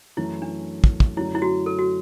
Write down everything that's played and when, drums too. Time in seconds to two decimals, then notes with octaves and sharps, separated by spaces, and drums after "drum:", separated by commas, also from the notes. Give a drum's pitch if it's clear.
0.17 F#2 E3 A3 E4
0.42 D4
0.84 drum: kick
1.00 drum: kick
1.17 F#2 D3 F#3 A3 E4
1.35 E4
1.42 F#4
1.66 A4
1.78 F#4